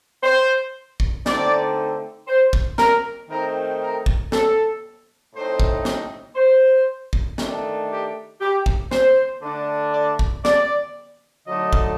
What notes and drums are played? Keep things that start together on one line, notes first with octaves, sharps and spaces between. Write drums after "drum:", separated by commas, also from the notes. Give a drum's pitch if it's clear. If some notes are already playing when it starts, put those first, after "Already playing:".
C5
drum: kick
D3 A3 C4 D#4 D5, drum: snare
C5
drum: kick
A#4, drum: snare
D#3 A3 C4 D#4 A#4
A#4
drum: kick
A4, drum: snare
A2 A3 C4 D#4 C5
drum: kick
drum: snare
C5
drum: kick
D#3 A3 D4, drum: snare
G4
G4
drum: kick
C5, drum: snare
D3 A3 D4
D5
drum: kick
D5, drum: snare
D3 F#3 A3 D#4 D#5
drum: kick